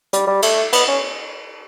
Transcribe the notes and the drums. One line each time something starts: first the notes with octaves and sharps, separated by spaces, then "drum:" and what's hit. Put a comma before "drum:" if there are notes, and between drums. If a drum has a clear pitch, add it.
G3, drum: hi-hat
G3
A3, drum: cymbal
B3, drum: cymbal
C#4